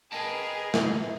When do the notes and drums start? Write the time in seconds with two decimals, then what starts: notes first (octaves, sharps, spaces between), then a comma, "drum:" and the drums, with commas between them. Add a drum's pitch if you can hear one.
0.12 G#4 A#4 B4 D#5 G5 A5
0.74 drum: snare